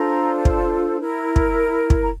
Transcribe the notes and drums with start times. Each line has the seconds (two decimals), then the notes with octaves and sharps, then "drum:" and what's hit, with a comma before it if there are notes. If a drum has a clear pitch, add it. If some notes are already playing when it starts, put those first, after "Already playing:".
Already playing: D4 F4 A4 C5 A#5
0.45 A5, drum: kick
1.00 E4 A#4
1.36 drum: kick
1.90 drum: kick
2.01 A#5